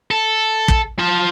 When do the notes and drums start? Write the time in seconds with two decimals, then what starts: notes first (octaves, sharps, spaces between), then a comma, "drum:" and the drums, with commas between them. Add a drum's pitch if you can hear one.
0.11 A4
0.68 drum: kick
0.99 F4 A5